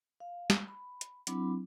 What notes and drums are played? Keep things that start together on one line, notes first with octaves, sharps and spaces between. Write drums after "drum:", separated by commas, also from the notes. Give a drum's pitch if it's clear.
F5
drum: snare
B5
drum: hi-hat
F#3 C4 D4 E4 B5 D6, drum: hi-hat